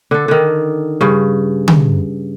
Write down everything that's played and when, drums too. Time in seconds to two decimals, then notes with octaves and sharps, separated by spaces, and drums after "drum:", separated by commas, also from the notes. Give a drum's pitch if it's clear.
0.11 D3 A4
0.28 D3 D#3
1.01 G2 C#3
1.68 drum: tom D3